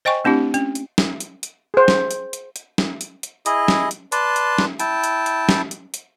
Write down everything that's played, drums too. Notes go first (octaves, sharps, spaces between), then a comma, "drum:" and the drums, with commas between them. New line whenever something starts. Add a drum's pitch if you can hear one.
C5 D#5 G5 G#5 C#6
A3 C4 D4 E4 G4
C#4, drum: hi-hat
drum: hi-hat
drum: snare
drum: hi-hat
drum: hi-hat
G#4 C5
drum: snare
drum: hi-hat
drum: hi-hat
drum: hi-hat
drum: snare
drum: hi-hat
drum: hi-hat
E4 G#4 D#5, drum: hi-hat
drum: snare
drum: hi-hat
B4 D5 A5 C6, drum: hi-hat
drum: hi-hat
drum: snare
E4 G5 A5, drum: hi-hat
drum: hi-hat
drum: hi-hat
drum: snare
drum: hi-hat
drum: hi-hat